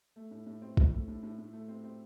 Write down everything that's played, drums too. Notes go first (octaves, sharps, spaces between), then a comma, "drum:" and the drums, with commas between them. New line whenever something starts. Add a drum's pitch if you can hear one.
A3
A2
A2
C4
A2, drum: kick
A3
A2
A2
A2
A3
C4
C4